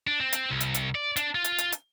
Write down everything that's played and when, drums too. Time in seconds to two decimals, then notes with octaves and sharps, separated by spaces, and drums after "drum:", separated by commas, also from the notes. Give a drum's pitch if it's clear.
0.07 D4
0.20 C4
0.33 drum: hi-hat
0.51 C2
0.61 drum: hi-hat
0.74 drum: hi-hat
0.95 D5
1.16 D4, drum: hi-hat
1.35 F4
1.44 drum: hi-hat
1.58 drum: hi-hat
1.72 drum: hi-hat